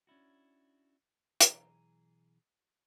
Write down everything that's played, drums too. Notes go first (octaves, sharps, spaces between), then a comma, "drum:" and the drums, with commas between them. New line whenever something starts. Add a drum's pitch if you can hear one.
C#4 D4 E4 F#4
B1 E3 G#4 A#5, drum: hi-hat